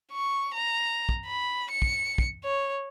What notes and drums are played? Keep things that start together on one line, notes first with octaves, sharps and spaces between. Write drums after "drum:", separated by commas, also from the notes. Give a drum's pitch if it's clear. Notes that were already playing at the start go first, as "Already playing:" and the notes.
C#6
A#5
drum: kick
B5
C#7
drum: kick
drum: kick
C#5